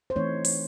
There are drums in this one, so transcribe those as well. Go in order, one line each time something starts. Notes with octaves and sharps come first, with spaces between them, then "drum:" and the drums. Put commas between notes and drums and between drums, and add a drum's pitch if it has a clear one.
C5
E3 A3 C4 D#4 C#5
drum: open hi-hat